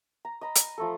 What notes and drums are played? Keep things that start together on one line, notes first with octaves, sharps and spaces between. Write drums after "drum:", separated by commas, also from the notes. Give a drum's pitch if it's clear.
A#5
D#5 A#5 B5
drum: hi-hat
F3 A3 A4